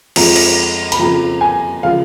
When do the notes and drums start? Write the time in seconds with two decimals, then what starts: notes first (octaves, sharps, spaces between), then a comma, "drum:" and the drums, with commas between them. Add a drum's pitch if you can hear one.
0.16 F2 F3 G#3 A#5, drum: cymbal
0.36 drum: cymbal
0.92 B5, drum: hi-hat
0.99 F2 C#3 F3 A#5
1.41 G#5
1.83 C#3 F3 G#3 F5